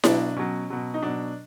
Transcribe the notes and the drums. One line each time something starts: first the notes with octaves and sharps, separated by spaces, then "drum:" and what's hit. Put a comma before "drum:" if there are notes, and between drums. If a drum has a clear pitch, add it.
B2 F#3 D4, drum: snare E4
B2 F#3 C#4
B2 F#3
D#4
B2 F#3 D4